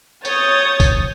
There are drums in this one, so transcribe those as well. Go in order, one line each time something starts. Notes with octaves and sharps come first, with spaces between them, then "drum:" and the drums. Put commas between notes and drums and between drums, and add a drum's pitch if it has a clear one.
C#5 D#6 G6 A6, drum: tambourine
drum: kick F1, tambourine